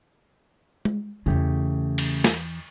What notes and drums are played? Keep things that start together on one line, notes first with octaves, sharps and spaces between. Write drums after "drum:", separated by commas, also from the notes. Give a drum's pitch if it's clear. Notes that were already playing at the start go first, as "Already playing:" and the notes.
drum: tom G#3
E2 C#3 E3 A3 G4
drum: cymbal
drum: snare